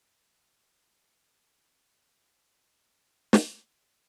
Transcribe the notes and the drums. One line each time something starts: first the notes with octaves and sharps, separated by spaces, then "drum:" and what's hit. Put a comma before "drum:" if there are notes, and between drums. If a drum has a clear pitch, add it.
A#4
A#4
A#4
A#4
A4
C5
A#4
A#4
G4
C4
drum: snare